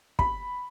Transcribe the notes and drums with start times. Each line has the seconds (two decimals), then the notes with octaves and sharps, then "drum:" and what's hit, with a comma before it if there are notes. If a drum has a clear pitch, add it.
0.19 B5, drum: kick